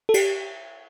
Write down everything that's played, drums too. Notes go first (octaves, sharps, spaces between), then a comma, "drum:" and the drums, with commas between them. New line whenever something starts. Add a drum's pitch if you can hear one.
A4
G4, drum: cymbal